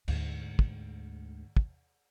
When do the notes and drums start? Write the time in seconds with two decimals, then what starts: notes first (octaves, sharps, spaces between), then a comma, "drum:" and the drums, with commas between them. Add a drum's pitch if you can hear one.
0.08 D2 G#2, drum: cymbal
0.59 drum: kick
1.57 drum: kick